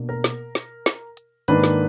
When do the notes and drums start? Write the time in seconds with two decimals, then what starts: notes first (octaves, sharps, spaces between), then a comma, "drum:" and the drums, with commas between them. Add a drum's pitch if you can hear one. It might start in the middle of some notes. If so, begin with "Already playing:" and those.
Already playing: B2 A#3 D4
0.09 A#4
0.24 drum: snare
0.55 drum: snare
0.86 drum: snare
1.17 drum: hi-hat
1.48 G#2 D#3 A#3 D4 B4, drum: hi-hat
1.64 drum: snare